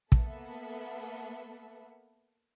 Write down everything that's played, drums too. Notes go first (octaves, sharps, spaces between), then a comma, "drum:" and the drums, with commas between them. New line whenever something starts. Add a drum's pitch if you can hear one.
A#3 B3 A4 B4 E5 F#5, drum: kick